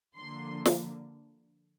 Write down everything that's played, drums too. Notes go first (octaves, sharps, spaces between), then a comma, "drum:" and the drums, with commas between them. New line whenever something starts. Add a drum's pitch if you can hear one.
D3 F3 A#3 D4 C6
drum: snare